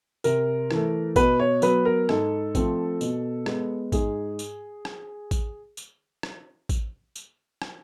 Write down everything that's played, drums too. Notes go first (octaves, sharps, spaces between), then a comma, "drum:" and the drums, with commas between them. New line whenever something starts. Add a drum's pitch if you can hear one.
C3 A#4, drum: tambourine
E3 A3, drum: rim click
B2 B4, drum: kick A1, tambourine
C#5
F#3 B3 B4, drum: tambourine
A#4
G#2 A4, drum: rim click
F3 A3 C4, drum: kick A1, tambourine
B2, drum: tambourine
G#3 B3, drum: rim click
G#2 G#4, drum: kick A1, tambourine
drum: tambourine
drum: rim click
drum: kick A1, tambourine
drum: tambourine
drum: rim click
drum: kick A1, tambourine
drum: tambourine
drum: rim click